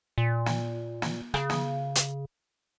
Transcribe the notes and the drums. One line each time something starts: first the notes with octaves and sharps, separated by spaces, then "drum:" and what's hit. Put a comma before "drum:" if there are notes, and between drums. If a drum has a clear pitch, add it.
A#2
drum: snare
drum: snare
C#3, drum: rim click
drum: snare
drum: hi-hat